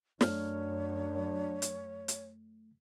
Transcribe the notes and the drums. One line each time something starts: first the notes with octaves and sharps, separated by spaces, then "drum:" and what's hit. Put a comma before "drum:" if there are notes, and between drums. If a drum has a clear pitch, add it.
F#2 A3 D4 C#5 F6, drum: snare
drum: hi-hat
drum: hi-hat